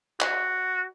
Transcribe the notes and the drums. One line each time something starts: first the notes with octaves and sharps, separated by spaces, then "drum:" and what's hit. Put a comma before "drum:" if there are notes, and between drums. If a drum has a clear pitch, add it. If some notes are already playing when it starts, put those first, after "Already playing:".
F#4, drum: clap